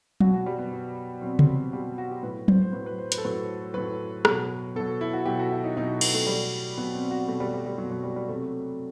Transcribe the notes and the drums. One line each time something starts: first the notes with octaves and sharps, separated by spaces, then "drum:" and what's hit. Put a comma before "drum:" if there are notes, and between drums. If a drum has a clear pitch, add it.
B2 F#3 F#4, drum: tom F#3
F#4
G3
B3
B2 F#3
B2 F#3 C4
C4, drum: tom C3
F#3
B2 F#3 G3
F#4
G4
A2 F#3 B4
C5, drum: tom F#3
C5
A2 F#3 B4
B4
C5
B4, drum: hi-hat
A4
A2 F#3 B4
A2 F#3 B4
B2 F#3, drum: rim click
B2 F#3 A4
E4
F#4
B2 F#3 G4
F#4
E4
D#4
B2 F#3 D#4
B3, drum: cymbal
A3
B2 F#3 G3
B2 F#3 B3
C4
F#4
B2 F#3 A3
G3
G3
G3
F#3
B2
F#3
G3
G3
C3 F#3 A3